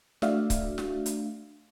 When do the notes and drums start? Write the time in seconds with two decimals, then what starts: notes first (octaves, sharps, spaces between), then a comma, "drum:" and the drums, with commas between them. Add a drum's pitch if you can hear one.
0.22 A3 D4 F#4 D5 E5 F5, drum: snare
0.50 drum: kick C#1, hi-hat
0.78 drum: snare
1.06 drum: hi-hat